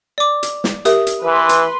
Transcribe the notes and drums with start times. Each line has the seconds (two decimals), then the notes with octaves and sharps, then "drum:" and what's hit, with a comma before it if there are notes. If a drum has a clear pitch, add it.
0.18 D5 D6
0.43 drum: hi-hat
0.64 drum: snare
0.85 G4 A#4 E5 D#6, drum: hi-hat
1.07 drum: hi-hat
1.24 E3 B4 C6
1.49 drum: hi-hat